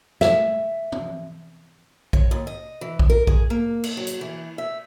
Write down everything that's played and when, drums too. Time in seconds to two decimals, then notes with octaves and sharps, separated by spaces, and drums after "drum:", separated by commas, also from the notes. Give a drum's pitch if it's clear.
0.21 E5, drum: snare
0.92 drum: tom
2.13 C#5, drum: kick A#1
2.31 D#2
2.47 D#5
2.81 E3
2.99 drum: kick A#1
3.10 A#4
3.27 G#4, drum: kick A#1
3.50 A#3
3.84 drum: cymbal
3.97 F#3
4.07 drum: hi-hat
4.21 E3
4.58 E5